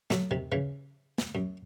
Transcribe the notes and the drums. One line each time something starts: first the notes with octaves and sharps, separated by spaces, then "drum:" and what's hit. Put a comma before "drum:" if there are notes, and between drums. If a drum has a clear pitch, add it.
F#3 A3, drum: snare
C3 D#3
C#3 E3
drum: snare
F#2